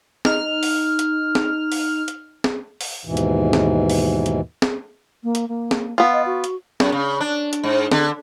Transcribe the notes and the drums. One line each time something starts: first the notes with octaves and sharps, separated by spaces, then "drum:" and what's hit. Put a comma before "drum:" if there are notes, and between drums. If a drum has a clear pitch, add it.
D#4 F6, drum: snare
drum: open hi-hat
drum: hi-hat
drum: snare
drum: open hi-hat
drum: hi-hat
drum: snare
drum: open hi-hat
D#2 G#2 B2 E3
drum: hi-hat
drum: snare
drum: open hi-hat
drum: hi-hat
drum: snare
A#3
drum: hi-hat
A#3
drum: snare
B3 F4
D#5
F#4
drum: hi-hat
F#2, drum: snare
C#3
D4
drum: hi-hat
G#2
D3, drum: snare